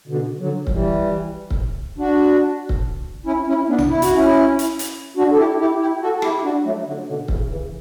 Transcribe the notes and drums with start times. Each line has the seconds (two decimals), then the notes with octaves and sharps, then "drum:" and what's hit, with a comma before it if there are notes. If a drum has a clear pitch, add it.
0.07 B2 D3
0.39 D3 F#3
0.67 F#3, drum: kick C#1
0.71 E3 G3
1.51 drum: kick C#1
1.98 D4 F#4
2.69 drum: kick C#1
3.25 C#4 E4
3.47 C#4 E4
3.69 B3 D4
3.78 drum: tom A#1
3.89 E4
4.02 F#4, drum: hi-hat
4.14 C#4 E4
4.59 drum: hi-hat
4.79 drum: hi-hat
5.17 D4 F#4
5.32 A4
5.38 E4 G4
5.59 E4 G4
5.80 E4 G4
6.02 F#4 A4
6.17 A4
6.22 E4 G4, drum: rim click
6.43 D4 F#4
6.65 F#3 A3
6.86 D3 F#3
7.08 B2 D3
7.28 C#3 E3, drum: kick C#1
7.49 C#3 E3